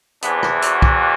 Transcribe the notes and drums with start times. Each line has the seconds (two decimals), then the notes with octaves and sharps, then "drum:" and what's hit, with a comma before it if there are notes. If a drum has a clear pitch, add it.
0.22 E2 C3 E3 B3 D4, drum: hi-hat
0.43 drum: rim click
0.62 D4 F#4, drum: hi-hat
0.82 drum: kick